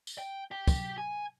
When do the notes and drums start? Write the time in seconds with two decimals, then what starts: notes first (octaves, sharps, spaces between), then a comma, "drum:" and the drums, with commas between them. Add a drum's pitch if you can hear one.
0.07 drum: tambourine
0.18 G5
0.51 G4 G5
0.67 drum: kick, tambourine
0.98 G#5